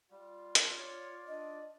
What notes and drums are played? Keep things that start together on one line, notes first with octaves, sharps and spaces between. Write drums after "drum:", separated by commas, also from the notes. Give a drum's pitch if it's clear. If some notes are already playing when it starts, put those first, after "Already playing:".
G3 F4
drum: hi-hat
C#5 D5
D4 D#5